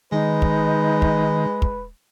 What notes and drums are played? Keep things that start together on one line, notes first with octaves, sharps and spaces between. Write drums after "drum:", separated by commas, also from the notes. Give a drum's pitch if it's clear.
D#3 G#3 D#4 B4
drum: kick
drum: kick
drum: kick